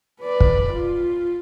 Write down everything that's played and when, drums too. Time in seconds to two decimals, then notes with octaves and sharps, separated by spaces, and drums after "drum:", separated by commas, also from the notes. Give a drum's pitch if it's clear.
0.21 B4 D5
0.40 drum: kick
0.72 F4